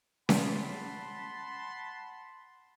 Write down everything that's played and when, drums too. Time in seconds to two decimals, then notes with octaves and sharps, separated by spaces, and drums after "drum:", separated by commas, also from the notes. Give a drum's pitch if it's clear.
0.29 F#5 A5 B5 C6, drum: snare C#4